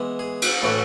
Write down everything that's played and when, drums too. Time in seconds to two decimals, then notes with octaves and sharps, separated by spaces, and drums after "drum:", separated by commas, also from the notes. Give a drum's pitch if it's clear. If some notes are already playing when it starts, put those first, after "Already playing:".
Already playing: E3 G#3 B3
0.19 G#4
0.42 drum: cymbal
0.62 A2 E3 A3 F#4